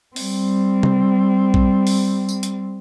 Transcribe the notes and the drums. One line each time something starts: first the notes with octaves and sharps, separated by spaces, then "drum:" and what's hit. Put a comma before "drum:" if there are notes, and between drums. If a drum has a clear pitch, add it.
G3 C4, drum: open hi-hat
drum: tom
drum: kick A#1
drum: open hi-hat
drum: tambourine
drum: hi-hat